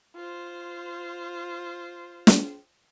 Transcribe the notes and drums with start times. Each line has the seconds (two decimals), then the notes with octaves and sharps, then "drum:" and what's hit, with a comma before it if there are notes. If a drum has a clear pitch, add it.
0.16 F4 C5
2.27 drum: snare